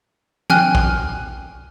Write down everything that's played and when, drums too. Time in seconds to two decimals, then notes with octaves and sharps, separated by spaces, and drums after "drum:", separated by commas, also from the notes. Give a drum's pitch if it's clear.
0.50 G5 G#5 F6 F#6, drum: tom
0.75 drum: kick